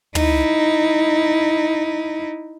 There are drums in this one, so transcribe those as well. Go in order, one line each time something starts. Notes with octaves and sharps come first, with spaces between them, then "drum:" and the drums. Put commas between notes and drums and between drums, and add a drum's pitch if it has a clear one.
D#4 E4, drum: tom